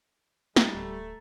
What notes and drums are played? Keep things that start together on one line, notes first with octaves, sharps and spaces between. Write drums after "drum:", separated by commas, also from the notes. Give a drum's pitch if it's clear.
G#2 G3 G#3 A#5 A6, drum: snare
D1 A3